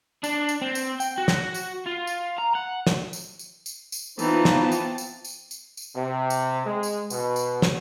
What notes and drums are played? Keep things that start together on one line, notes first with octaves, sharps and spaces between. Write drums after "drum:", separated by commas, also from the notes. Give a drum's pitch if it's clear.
D4, drum: tambourine
drum: tambourine
C4
drum: tambourine
G5, drum: tambourine
F#4
drum: snare
drum: tambourine
F4
drum: tambourine
A#5
F#5
drum: snare
drum: tambourine
drum: tambourine
drum: tambourine
drum: tambourine
E3 B3 C4 D#4 F4 A5, drum: tambourine
drum: snare
drum: tambourine
drum: tambourine
drum: tambourine
drum: tambourine
drum: tambourine
C3
drum: tambourine
G#3
drum: tambourine
B2, drum: tambourine
drum: tambourine
drum: snare